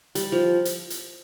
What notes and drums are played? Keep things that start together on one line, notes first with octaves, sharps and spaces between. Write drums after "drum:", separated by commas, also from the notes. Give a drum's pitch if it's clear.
G3, drum: hi-hat
F3
drum: hi-hat
drum: hi-hat